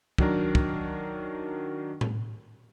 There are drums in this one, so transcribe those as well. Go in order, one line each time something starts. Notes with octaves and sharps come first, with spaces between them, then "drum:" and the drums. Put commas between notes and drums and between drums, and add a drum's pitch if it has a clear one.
D#3 F#3 D4 A#4, drum: kick
drum: kick
drum: tom A2